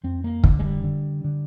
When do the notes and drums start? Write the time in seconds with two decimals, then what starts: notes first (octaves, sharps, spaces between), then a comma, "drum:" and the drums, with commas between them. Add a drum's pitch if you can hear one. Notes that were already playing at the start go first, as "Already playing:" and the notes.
0.04 F2 C4
0.24 A#3
0.44 D3, drum: kick
0.59 G#3
0.64 G3
0.84 D3
1.24 D3